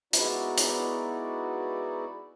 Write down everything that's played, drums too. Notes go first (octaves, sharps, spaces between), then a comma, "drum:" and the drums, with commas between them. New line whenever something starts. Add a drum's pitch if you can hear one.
G#3 B3 D#4 E4 F#4 D5, drum: hi-hat
drum: hi-hat